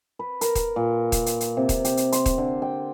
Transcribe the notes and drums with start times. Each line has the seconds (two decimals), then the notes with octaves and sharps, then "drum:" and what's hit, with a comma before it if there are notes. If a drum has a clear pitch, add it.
0.19 B4
0.41 A#4, drum: hi-hat
0.55 drum: kick D#1, hi-hat
0.76 A#2
1.12 drum: kick D#1, hi-hat
1.26 drum: hi-hat
1.41 drum: hi-hat
1.57 C3
1.69 drum: kick D#1, hi-hat
1.85 G4, drum: hi-hat
1.97 drum: hi-hat
2.12 C6, drum: hi-hat
2.26 drum: kick D#1, hi-hat
2.38 D3
2.62 G5